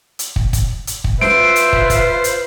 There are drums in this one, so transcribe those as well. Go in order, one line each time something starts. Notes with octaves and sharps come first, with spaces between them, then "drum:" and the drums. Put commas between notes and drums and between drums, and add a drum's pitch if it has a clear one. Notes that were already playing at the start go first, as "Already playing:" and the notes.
drum: hi-hat
drum: kick
drum: kick, hi-hat
drum: hi-hat
drum: kick
F4 B4 C5 E5 D7, drum: snare C#4
drum: hi-hat
drum: kick
drum: kick, hi-hat
drum: hi-hat